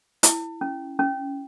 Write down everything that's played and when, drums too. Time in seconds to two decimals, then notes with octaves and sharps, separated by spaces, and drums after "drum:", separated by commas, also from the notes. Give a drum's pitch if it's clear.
0.23 E4, drum: hi-hat
0.61 C#4
0.99 C#4